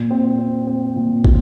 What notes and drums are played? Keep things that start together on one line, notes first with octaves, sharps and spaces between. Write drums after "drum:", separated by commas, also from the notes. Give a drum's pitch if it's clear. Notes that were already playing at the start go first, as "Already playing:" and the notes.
Already playing: A#2
C4
C4
C4
A#2
F4, drum: kick